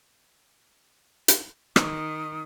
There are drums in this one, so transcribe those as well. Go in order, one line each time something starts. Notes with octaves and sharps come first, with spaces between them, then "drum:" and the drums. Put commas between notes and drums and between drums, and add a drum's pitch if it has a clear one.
drum: hi-hat
D#3 D#6, drum: rim click